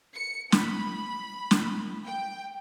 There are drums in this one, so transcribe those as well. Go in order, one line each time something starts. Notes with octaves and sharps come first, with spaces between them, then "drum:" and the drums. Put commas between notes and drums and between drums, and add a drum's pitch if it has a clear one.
C#7
B5, drum: snare
drum: snare
G5